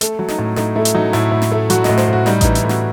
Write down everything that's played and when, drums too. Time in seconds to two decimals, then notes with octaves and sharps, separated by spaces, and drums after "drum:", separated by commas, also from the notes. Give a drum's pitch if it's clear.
0.01 A3 A4, drum: hi-hat
0.19 F#3
0.28 D#4, drum: snare
0.39 A2
0.56 A2 D#4, drum: snare
0.75 A3 E4
0.85 drum: hi-hat
0.95 F#3 D#4
1.13 A2 E4, drum: snare
1.32 A2
1.42 drum: snare
1.52 A3
1.70 F#3 F#4, drum: hi-hat
1.84 D#5, drum: snare
1.89 A2
1.97 C5, drum: snare
2.08 A2
2.13 F#4
2.26 G3 D#4, drum: snare
2.41 E3 D#4, drum: kick A1, hi-hat
2.55 E4, drum: hi-hat
2.64 A2
2.69 F#4, drum: snare